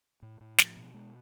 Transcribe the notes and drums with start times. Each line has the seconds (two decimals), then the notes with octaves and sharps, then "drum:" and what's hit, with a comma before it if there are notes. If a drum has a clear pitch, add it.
0.22 A2
0.41 A2
0.58 F3, drum: snare
0.76 B2
0.94 G#3